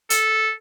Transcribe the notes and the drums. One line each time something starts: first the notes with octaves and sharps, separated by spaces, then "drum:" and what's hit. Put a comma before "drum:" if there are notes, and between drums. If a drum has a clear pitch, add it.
A4, drum: hi-hat